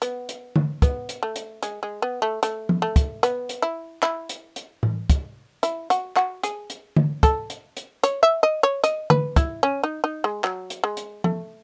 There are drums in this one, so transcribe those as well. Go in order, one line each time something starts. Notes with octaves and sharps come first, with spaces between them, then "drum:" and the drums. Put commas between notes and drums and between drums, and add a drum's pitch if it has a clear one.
B3, drum: hi-hat
drum: hi-hat
drum: tom D3
B3, drum: kick, hi-hat
drum: hi-hat
A3
drum: hi-hat
G#3, drum: hi-hat
G#3
B3
A3
A3, drum: hi-hat
drum: tom F3
A3
drum: kick, hi-hat
B3, drum: hi-hat
drum: hi-hat
E4
E4, drum: clap
drum: hi-hat
drum: hi-hat
drum: tom A2
drum: kick, hi-hat
E4, drum: hi-hat
F#4, drum: hi-hat
F#4, drum: clap
G#4, drum: hi-hat
drum: hi-hat
drum: tom D3
A4, drum: kick, hi-hat
drum: hi-hat
drum: hi-hat
C#5, drum: hi-hat
E5
D#5
C#5
D#5, drum: hi-hat
B4, drum: tom D3
E4, drum: kick, hi-hat
C#4
D#4
D#4
G#3
F#3, drum: clap
drum: hi-hat
G#3
drum: hi-hat
A3, drum: tom F3